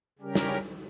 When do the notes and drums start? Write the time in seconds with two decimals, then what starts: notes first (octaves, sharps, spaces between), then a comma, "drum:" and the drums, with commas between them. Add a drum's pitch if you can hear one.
0.19 C#3 G3 C#4 G4 A#4
0.35 drum: snare